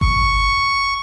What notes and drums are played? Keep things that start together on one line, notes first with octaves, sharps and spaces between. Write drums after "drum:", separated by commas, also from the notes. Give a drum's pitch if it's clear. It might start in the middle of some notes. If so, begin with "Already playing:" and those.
C#6, drum: kick G1